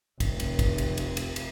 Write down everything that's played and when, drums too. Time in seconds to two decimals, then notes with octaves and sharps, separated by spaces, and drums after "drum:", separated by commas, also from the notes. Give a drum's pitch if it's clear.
0.20 F1 C4, drum: kick, cymbal
0.40 drum: cymbal
0.59 drum: kick, cymbal
0.78 drum: cymbal
0.98 drum: cymbal
1.17 drum: cymbal
1.36 drum: cymbal